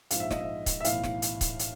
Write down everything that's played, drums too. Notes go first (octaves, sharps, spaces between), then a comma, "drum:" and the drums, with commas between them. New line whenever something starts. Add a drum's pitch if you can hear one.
A#1 G#2 F3 F5, drum: hi-hat
E5
D#5, drum: snare
E5
drum: kick C#1, hi-hat
E5
B1 A2 E3 F5, drum: hi-hat
drum: snare
drum: hi-hat
drum: kick C#1, hi-hat
drum: hi-hat